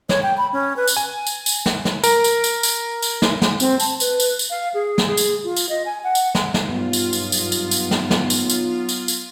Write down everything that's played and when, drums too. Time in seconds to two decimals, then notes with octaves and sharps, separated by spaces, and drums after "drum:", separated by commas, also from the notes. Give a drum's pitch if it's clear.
0.09 C#5, drum: snare
0.23 G5
0.37 B5
0.53 C#4
0.76 B4
0.87 drum: tambourine
0.96 G#5
1.27 drum: tambourine
1.46 drum: tambourine
1.66 drum: snare
1.85 drum: snare
2.04 A#4, drum: tambourine
2.24 drum: tambourine
2.44 drum: tambourine
2.63 drum: tambourine
3.02 drum: tambourine
3.22 drum: snare
3.42 drum: snare
3.60 C4, drum: tambourine
3.80 A5, drum: tambourine
4.00 B4, drum: tambourine
4.20 drum: tambourine
4.39 drum: tambourine
4.50 F5
4.74 G#4
4.98 drum: snare
5.07 G#4
5.17 drum: tambourine
5.44 F4
5.56 drum: tambourine
5.69 D#5
5.86 G#5
6.04 F#5
6.15 drum: tambourine
6.35 drum: snare
6.54 drum: snare
6.68 B1 G2 F#3 B3 F4
6.93 drum: tambourine
7.13 drum: tambourine
7.32 drum: tambourine
7.52 drum: tambourine
7.71 drum: tambourine
7.91 drum: snare
8.10 drum: snare
8.30 drum: tambourine
8.50 drum: tambourine
8.89 drum: tambourine
9.08 drum: tambourine